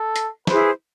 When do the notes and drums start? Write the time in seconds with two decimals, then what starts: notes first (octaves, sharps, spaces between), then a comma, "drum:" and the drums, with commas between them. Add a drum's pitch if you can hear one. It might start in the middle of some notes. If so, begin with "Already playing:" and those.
Already playing: A4
0.16 drum: hi-hat
0.47 E4 G#4 B4 C5, drum: snare